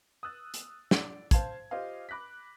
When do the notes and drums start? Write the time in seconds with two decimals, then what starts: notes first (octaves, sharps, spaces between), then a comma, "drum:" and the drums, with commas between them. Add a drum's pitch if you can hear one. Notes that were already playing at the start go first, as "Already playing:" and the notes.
0.23 D#6 E6 F#6 A6
0.54 drum: hi-hat
0.91 D5, drum: snare
1.31 C5 F5 A5 C6 G#6, drum: kick, hi-hat
1.71 F4 G4 C5 D#5 F5
2.09 B5 D6 F#6 A#6 B6